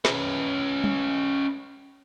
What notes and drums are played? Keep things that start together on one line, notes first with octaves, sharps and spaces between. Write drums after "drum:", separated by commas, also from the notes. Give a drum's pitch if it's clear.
C#4 B4, drum: snare
drum: tom